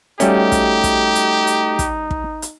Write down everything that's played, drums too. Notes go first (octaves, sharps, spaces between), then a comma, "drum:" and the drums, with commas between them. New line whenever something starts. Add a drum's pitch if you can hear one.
G3 A3 C#4 D#4 F#4 G4 A4, drum: hi-hat
drum: kick, hi-hat
drum: kick, hi-hat
drum: hi-hat
drum: hi-hat
drum: kick, hi-hat
drum: kick
drum: hi-hat